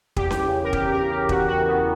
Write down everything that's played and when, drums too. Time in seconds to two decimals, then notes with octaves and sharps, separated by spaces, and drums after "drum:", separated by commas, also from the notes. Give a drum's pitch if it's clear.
0.16 E2 G4, drum: kick
0.31 drum: snare C#4
0.45 C#3
0.64 A#4
0.73 E2 G4, drum: kick
0.92 A#4
1.01 C#3
1.10 G4
1.29 E2 F#4, drum: kick
1.48 F#4
1.57 E2
1.68 B3